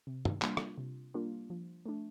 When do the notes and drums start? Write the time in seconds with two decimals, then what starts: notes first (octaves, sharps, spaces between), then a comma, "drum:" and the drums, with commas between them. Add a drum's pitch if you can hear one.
0.07 C3
0.25 drum: tom
0.42 G3 A#3 D4 F4, drum: clap
0.57 drum: rim click
0.78 C3
1.14 G3 A#3 D4 F4
1.50 F3
1.86 A3 D4